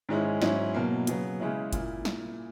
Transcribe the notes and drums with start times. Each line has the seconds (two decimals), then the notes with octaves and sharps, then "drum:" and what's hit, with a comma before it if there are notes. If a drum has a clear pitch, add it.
0.09 G#2 D#3 G#3 C#4 E4
0.42 G#2 F#3 C#4 E4, drum: snare
0.74 B2 F#3 A#3
1.07 C#3 F#3 B3, drum: hi-hat
1.40 C#3 G#3 C#4 E4
1.73 A#2 A#3 E4, drum: kick G1, hi-hat
2.05 drum: snare